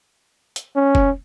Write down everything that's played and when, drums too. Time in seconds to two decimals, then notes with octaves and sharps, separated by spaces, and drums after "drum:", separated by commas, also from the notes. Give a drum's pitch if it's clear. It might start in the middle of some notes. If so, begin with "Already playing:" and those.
0.56 drum: hi-hat
0.76 C#4
0.95 drum: kick F1